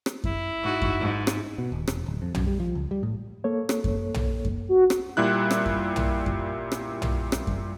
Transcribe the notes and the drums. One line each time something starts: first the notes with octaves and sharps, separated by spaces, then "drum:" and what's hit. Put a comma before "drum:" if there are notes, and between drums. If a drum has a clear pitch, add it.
drum: rim click
E4, drum: kick F#2
G#2 F#4
drum: kick F#2
G#2
drum: rim click
B2
D#1
E1, drum: rim click
D1
F2
F#2, drum: tom
G3
F3
C#2
G3
A2
A#3 A4 C#5
drum: rim click
drum: kick F#2
drum: tom
drum: kick F#2
F#4
drum: rim click
A#2 G3 E4 F#6
drum: rim click
drum: kick F#2
drum: tom
drum: kick F#2
drum: rim click
drum: tom
drum: rim click
drum: kick F#2